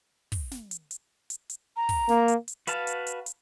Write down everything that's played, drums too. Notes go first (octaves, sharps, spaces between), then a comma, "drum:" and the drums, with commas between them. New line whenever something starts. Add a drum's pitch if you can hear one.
drum: kick, open hi-hat
drum: snare
drum: hi-hat
drum: hi-hat
drum: hi-hat
drum: hi-hat
A#5
drum: kick, open hi-hat
A#3, drum: snare
drum: hi-hat
drum: hi-hat
F#4 B4 F5 A5, drum: hi-hat
drum: hi-hat
drum: hi-hat
drum: hi-hat